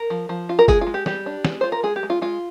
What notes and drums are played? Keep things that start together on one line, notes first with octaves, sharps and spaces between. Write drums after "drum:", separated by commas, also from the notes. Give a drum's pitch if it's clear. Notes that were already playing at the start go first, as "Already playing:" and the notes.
Already playing: A#4
F3
F3
F4
A#4
G#3 G#4, drum: kick F#1, tambourine
F4
G#3
G4
G3 G4, drum: snare
D4
G#3, drum: snare
F4 C5
A#4
G#3 G#4
G4
G#3
F4
G#3 F4